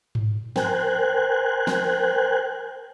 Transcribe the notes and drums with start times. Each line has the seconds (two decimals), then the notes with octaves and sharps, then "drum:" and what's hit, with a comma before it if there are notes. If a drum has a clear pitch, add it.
0.15 drum: tom G#2
0.56 A#4 C5 G5 G#5 F#6, drum: snare
1.67 drum: snare